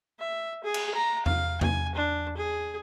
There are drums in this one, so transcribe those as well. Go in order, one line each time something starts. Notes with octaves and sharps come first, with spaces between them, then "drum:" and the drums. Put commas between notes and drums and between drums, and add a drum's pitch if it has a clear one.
E5
G#4
drum: cymbal
A#5
F5, drum: tom E2
G#5, drum: tom E2
D4
G#4